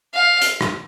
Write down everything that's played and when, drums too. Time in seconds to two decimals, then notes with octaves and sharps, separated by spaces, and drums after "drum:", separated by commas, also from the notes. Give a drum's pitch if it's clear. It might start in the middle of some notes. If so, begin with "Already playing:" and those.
0.14 F5
0.42 drum: hi-hat
0.61 drum: rim click